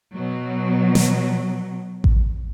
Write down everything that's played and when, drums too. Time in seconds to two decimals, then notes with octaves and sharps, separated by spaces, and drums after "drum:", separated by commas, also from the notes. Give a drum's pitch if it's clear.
0.15 B2 F#3
0.95 drum: snare
2.04 drum: kick A1